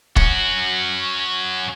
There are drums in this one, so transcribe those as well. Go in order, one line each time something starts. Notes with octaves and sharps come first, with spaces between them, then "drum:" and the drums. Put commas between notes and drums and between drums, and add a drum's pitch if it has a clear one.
C#4 F#4, drum: kick